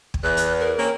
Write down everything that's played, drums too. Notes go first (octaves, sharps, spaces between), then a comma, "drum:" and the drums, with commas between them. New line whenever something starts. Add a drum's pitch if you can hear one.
drum: kick
E2 F#6
drum: hi-hat
A#4
A#3 C4 C#4